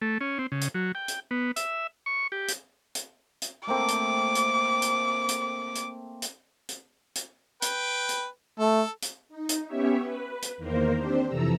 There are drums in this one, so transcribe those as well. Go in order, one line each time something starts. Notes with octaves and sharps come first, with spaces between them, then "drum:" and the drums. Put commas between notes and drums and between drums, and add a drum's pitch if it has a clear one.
A3
C#4
C4
C#3
drum: hi-hat
F#3
G5
drum: hi-hat
B3
E5, drum: hi-hat
C#6
G4
drum: hi-hat
drum: hi-hat
drum: hi-hat
A3 A#3 C4 D6
drum: hi-hat
drum: hi-hat
drum: hi-hat
drum: hi-hat
drum: hi-hat
drum: hi-hat
drum: hi-hat
drum: hi-hat
B4 G5, drum: hi-hat
drum: hi-hat
A3 A4
drum: hi-hat
D#4
drum: hi-hat
B3 C#4 G4 C#5 E5
B4
drum: hi-hat
E2 D#3 A#3 A#4 C5
C4 D4 G4 C5
F2 C3 E3 A4 A#5 E6